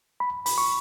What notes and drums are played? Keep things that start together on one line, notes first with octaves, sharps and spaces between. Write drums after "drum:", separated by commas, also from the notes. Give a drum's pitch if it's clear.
B5
B5, drum: open hi-hat
C#6